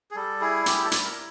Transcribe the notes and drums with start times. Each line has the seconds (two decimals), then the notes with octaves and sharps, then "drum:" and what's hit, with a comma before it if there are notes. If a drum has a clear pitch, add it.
0.11 G#4
0.15 G3 A4
0.41 E4 G#4
0.66 G3 G4, drum: hi-hat
0.84 A4
0.92 E4, drum: hi-hat
1.04 A#4